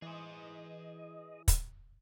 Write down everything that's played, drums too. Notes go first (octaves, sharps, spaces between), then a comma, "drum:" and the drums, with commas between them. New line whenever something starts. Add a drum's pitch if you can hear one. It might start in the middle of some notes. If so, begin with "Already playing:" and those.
E3 G#4 C5 D#5
drum: kick, hi-hat